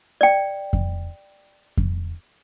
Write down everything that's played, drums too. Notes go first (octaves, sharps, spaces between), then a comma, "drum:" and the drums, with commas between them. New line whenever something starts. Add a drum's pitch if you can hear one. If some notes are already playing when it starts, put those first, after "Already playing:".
D5 G5
drum: kick F2
drum: kick F2